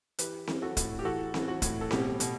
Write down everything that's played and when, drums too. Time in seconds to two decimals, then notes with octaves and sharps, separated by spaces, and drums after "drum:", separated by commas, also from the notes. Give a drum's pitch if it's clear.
0.19 E3 G4 B4, drum: hi-hat
0.47 E3, drum: snare C4
0.62 F#4 A4
0.77 A2, drum: kick, hi-hat
0.99 G4
1.05 E3 F#4 A4
1.34 E3, drum: snare C4
1.48 F#4
1.62 A2, drum: kick, hi-hat
1.81 A4
1.91 B2 G4, drum: snare C4
2.20 B2, drum: hi-hat